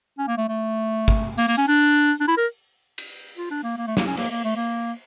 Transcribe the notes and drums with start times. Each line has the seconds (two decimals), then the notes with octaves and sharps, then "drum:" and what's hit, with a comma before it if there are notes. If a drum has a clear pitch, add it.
0.18 C#4
0.28 A#3
0.37 A3
0.49 A3
1.08 drum: kick
1.38 A#3, drum: open hi-hat
1.48 A#3
1.57 C#4
1.68 D4
2.20 D4
2.28 E4
2.37 A#4
2.98 drum: cymbal
3.37 F4
3.51 D4
3.64 A#3
3.78 A#3
3.87 A3
3.97 A#3, drum: snare
4.07 C#4
4.17 A#3, drum: cymbal
4.30 A#3
4.44 A3
4.56 A#3